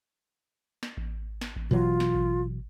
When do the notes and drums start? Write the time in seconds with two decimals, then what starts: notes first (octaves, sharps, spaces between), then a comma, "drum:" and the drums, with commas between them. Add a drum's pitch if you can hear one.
0.83 drum: snare
0.97 drum: kick A1
1.41 drum: snare
1.56 drum: kick A1
1.71 B2 E3 F#3 F4
2.00 drum: snare
2.15 drum: kick A1